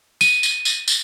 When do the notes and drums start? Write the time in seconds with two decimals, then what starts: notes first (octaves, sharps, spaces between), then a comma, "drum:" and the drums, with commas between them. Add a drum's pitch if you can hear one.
0.21 D#7, drum: tambourine
0.43 drum: tambourine
0.65 drum: tambourine
0.88 drum: tambourine